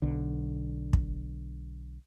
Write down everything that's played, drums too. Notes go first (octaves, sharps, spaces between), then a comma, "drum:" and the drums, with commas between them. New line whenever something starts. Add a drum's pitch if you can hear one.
B1 D3
drum: kick